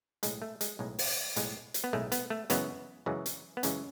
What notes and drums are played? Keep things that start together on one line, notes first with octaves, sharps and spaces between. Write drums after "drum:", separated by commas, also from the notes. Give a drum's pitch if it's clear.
B1 A2 G#3, drum: hi-hat
A3
G#3, drum: hi-hat
B1 A2 G#3
drum: open hi-hat
B1 A2 G#3, drum: hi-hat
drum: hi-hat
B3
B1 A2 G#3 A3
B3, drum: hi-hat
A3
F#2 C#3 E3 G#3 B3, drum: hi-hat
F#2 C#3 E3 G#3
drum: hi-hat
B3
F#2 C#3 E3 G#3 C#4, drum: hi-hat